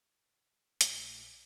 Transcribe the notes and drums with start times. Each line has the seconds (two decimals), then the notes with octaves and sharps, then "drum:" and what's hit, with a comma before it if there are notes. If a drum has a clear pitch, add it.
0.81 A#1 A#2 A3, drum: hi-hat